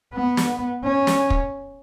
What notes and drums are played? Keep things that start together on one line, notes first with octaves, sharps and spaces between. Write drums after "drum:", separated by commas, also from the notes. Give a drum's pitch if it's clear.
B3
drum: snare
C#4
drum: snare
drum: kick